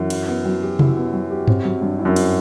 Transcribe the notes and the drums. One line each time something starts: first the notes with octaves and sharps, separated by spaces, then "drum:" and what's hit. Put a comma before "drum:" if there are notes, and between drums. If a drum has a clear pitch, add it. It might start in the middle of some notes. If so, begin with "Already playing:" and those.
Already playing: F#2 E3
E4, drum: cymbal
B3
F#3
G4
E4, drum: tom C3
B3
F#3
G4
C4, drum: tom G2
F#3
G2
E4
F#2
C4, drum: cymbal